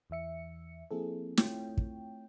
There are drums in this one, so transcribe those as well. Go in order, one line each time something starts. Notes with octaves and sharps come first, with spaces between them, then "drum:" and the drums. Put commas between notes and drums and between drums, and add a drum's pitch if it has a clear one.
E2 E3 E5 C#7
F3 A#3 C4 E4 G#4 A4
A3 C4 E4 F4 C#5 G5, drum: snare
drum: kick